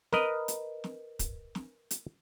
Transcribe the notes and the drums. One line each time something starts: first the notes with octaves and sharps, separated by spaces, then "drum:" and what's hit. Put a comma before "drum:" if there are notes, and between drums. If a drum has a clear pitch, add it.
A#4 B4 D#5, drum: snare
drum: hi-hat
drum: snare
drum: kick, hi-hat
drum: snare
drum: hi-hat